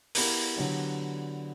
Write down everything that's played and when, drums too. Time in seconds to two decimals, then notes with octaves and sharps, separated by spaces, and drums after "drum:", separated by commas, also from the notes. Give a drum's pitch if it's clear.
0.15 B3 E4 G4 A#4, drum: open hi-hat
0.56 D3 F#3 B3 D4 G4